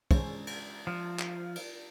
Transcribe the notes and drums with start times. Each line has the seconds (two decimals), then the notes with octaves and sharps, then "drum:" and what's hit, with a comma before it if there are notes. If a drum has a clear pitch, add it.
0.11 G#3 C#4 C5, drum: kick, cymbal
0.47 drum: cymbal
0.87 F3
1.19 drum: clap
1.56 drum: cymbal